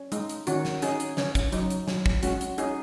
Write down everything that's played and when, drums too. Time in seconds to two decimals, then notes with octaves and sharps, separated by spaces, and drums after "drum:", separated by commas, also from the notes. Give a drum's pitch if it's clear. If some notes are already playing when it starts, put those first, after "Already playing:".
Already playing: C#4
0.12 G#3 D#4, drum: hi-hat
0.29 drum: hi-hat
0.47 D#3 C#4 F#4, drum: hi-hat
0.65 drum: snare
0.82 C#4 D#4 G#4, drum: hi-hat
1.00 drum: hi-hat
1.17 C#3 C#4, drum: snare
1.35 drum: kick, hi-hat
1.52 F#3 D#4, drum: hi-hat
1.70 drum: hi-hat
1.88 F#3, drum: snare
2.06 drum: kick
2.23 G#3 C#4 F#4, drum: hi-hat
2.41 drum: hi-hat
2.58 C#4 D#4 G#4, drum: hi-hat